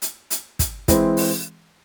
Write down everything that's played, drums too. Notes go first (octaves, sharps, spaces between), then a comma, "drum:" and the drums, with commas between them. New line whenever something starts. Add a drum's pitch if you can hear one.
drum: hi-hat
drum: hi-hat
drum: kick, hi-hat
E3 G#3 C4 E4, drum: kick, hi-hat
drum: open hi-hat